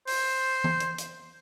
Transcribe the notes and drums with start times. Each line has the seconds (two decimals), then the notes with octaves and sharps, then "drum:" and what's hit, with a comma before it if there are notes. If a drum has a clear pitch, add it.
0.07 C5, drum: open hi-hat
0.64 drum: tom E3
0.80 drum: hi-hat
0.98 drum: hi-hat